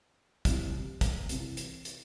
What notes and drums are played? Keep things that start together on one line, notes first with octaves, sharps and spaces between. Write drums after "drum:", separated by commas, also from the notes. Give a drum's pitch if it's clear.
C2 C3 E3 G3, drum: kick, hi-hat
drum: kick, hi-hat
C2 C3 E3, drum: hi-hat
drum: hi-hat
drum: hi-hat